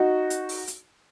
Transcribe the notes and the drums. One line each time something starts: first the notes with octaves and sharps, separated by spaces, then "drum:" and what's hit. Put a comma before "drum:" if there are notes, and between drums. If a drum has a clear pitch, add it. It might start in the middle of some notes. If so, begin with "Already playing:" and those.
Already playing: D#4 F#4
drum: hi-hat
drum: open hi-hat
drum: hi-hat